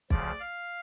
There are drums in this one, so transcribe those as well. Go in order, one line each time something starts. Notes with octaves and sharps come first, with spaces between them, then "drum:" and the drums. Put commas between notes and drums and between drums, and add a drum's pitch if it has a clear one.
D2 C#3 F3 D5, drum: kick
F5